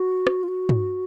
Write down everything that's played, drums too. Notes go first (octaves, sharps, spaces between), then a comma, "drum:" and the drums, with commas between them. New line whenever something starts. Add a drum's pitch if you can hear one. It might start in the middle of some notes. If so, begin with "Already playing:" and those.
Already playing: F#4
drum: rim click
F4
F#4
drum: tom